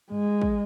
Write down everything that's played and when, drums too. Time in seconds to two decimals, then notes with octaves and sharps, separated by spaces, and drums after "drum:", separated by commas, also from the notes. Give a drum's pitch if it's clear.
0.12 G#3, drum: tom G2
0.41 drum: kick